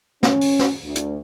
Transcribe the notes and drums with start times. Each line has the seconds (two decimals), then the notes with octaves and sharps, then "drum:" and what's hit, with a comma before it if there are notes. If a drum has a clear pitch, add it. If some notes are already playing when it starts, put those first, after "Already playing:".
0.23 C#4, drum: snare
0.41 drum: open hi-hat
0.59 drum: snare
0.83 D2
0.96 drum: hi-hat